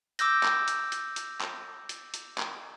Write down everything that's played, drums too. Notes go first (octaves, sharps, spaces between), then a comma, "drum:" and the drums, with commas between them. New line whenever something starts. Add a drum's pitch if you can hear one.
D6 E6 G6 A#6, drum: hi-hat
drum: clap
drum: hi-hat
drum: hi-hat
drum: hi-hat
drum: clap
drum: hi-hat
drum: hi-hat
drum: clap